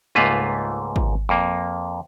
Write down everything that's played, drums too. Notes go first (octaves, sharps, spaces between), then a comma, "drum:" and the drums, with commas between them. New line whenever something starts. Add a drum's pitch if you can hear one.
C#2 G#2 A3 A#3 F4 B4, drum: tom G#3
drum: kick
F2 A#3